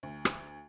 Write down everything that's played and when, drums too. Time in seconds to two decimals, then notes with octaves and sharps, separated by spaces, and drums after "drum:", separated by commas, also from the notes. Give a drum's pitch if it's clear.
0.03 D2
0.25 drum: rim click